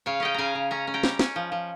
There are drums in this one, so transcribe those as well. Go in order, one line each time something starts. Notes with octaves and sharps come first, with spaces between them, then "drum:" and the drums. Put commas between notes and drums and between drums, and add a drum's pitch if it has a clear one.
C#3 C#5 F5
C#4 D#5 G5
C#3 F5 G#5 A#5
C#3
C#4 A#5
C#4
G5 A#5
G3, drum: snare
C#4, drum: snare
F3
F3